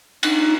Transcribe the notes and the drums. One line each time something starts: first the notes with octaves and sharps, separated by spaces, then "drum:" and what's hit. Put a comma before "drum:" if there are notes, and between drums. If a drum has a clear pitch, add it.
D#4, drum: cymbal